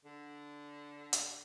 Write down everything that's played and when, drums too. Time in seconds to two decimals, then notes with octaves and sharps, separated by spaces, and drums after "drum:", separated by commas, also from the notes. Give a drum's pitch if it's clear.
0.05 D3
1.13 drum: hi-hat